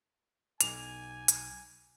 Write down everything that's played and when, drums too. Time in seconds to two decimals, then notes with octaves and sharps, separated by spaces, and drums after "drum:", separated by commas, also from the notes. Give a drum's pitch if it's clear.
0.61 B1 G#5 D6 F7, drum: hi-hat
1.28 drum: hi-hat